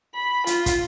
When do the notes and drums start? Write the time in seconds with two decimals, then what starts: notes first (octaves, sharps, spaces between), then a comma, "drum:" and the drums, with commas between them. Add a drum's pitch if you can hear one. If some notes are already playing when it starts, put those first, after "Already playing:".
0.14 B5
0.47 F4, drum: hi-hat
0.66 drum: kick, hi-hat